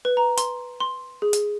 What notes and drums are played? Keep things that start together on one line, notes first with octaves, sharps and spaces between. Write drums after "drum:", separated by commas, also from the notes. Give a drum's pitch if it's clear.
B4
A#5
C6, drum: hi-hat
C6
G#4
drum: hi-hat